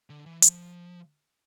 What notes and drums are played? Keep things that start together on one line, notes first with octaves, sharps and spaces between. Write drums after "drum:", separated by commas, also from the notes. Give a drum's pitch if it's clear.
D3
E3
F3, drum: hi-hat